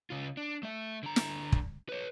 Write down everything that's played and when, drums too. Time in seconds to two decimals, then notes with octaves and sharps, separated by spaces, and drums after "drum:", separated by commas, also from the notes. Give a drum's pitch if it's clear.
0.10 C#3 F4
0.37 D4
0.63 A3 E5
1.03 D3 A#5
1.16 drum: snare
1.52 drum: kick
1.89 B4 C#5